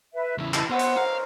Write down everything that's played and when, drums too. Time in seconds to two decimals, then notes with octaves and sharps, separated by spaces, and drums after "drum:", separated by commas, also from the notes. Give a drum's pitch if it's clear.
0.14 B4 E5
0.38 E2 C#3 E4
0.54 E4 D#5 A5, drum: clap
0.70 B3 C5 C#5 F#5
0.79 drum: hi-hat
0.96 A#4 F5